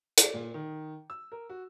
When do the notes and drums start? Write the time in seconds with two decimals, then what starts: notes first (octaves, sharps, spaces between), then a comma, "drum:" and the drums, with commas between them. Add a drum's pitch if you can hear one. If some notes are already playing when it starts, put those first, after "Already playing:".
0.18 D5, drum: hi-hat
0.34 A#2
0.54 D#3
1.10 E6
1.32 A#4
1.49 F#4